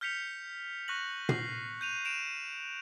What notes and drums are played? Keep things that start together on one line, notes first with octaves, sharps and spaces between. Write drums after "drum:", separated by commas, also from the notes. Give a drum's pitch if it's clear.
F6 G6 B6 C#7 F7
C#6 F#6 A#6 F#7
C7, drum: tom
G6 D#7 F7
D7 E7 F7